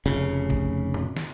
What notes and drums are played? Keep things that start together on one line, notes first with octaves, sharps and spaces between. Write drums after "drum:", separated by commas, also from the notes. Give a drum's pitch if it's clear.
F1 C#3
drum: kick
drum: tom A2
drum: snare